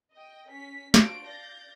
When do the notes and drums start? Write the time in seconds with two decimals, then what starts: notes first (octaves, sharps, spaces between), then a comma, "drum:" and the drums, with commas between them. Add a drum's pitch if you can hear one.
0.13 D#5 G5
0.50 C#4 B6
0.94 D4 F4 F#4 C5 F5 D7, drum: snare
1.25 D5 F5 G6 A6 A#6